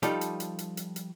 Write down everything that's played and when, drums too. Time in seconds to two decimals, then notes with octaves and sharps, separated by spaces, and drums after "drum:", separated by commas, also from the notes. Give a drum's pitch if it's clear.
0.03 F3 G3 D#4 F4 A4 D5, drum: hi-hat
0.21 drum: hi-hat
0.40 drum: hi-hat
0.59 drum: hi-hat
0.77 drum: hi-hat
0.96 drum: hi-hat